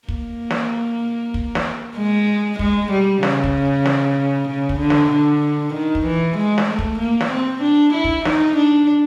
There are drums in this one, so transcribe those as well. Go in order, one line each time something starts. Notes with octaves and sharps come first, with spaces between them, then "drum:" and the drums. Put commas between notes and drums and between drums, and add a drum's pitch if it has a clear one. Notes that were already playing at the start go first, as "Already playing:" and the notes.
A#3, drum: kick
drum: snare
drum: kick
drum: snare
G#3
G#3, drum: kick
G3
C#3, drum: snare
drum: kick
drum: snare
C#3
drum: kick
D3
drum: snare
D3
D#3
drum: kick
E3
G#3
drum: snare
A3
drum: kick
A#3
drum: snare
C4
D4
E4
drum: kick
D#4, drum: snare
D4